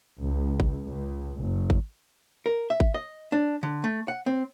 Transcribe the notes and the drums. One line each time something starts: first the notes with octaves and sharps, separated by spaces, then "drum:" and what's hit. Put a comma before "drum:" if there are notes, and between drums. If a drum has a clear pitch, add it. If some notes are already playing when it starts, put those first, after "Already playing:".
C#2
drum: kick G#1
C#2
F#1
drum: kick G#1
A#4
E5
drum: kick G#1
D#5
D4
D3
A3
F#5
C4